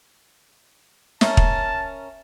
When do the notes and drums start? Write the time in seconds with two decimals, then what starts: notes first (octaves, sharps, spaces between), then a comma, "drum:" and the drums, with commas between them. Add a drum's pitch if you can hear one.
1.21 C#4 A#4 E5 A5, drum: snare
1.37 drum: kick